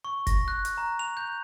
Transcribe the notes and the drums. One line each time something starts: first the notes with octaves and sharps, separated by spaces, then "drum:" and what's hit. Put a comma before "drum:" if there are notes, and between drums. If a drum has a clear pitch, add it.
C#6
A#6, drum: kick F#1, hi-hat
F#6
drum: hi-hat
A#5
F7
G6